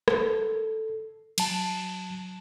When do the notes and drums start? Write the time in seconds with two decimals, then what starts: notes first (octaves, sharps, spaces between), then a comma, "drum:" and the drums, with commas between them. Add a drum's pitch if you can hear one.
0.08 A4, drum: rim click
1.38 F#3 A5, drum: cymbal